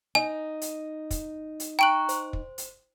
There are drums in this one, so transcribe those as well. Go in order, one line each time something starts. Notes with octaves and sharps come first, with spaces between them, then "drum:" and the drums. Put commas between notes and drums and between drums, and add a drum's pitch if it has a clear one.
D#4 G#5
drum: hi-hat
drum: kick, hi-hat
drum: hi-hat
G5 A#5 C#6 F#6 D7 F#7
C5, drum: hi-hat
drum: kick
drum: hi-hat